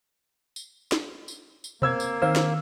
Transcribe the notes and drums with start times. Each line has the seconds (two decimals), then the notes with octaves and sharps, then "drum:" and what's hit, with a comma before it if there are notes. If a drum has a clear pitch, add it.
0.56 drum: tambourine
0.92 drum: snare
1.28 drum: tambourine
1.64 drum: tambourine
1.82 A#3 C4 E6 G#6, drum: tom B2
2.00 drum: tambourine
2.22 D#3 C4 F5 E6
2.36 drum: snare